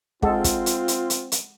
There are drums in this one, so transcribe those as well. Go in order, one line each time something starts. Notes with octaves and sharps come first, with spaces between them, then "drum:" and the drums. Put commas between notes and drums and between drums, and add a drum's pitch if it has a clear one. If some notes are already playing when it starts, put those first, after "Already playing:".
G#3 C4 F4 A4 F#5, drum: kick
drum: kick, hi-hat
drum: hi-hat
drum: hi-hat
drum: hi-hat
drum: hi-hat